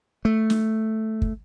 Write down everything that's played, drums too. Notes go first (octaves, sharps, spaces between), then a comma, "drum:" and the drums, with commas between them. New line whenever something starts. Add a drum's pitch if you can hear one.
A3
drum: snare
drum: kick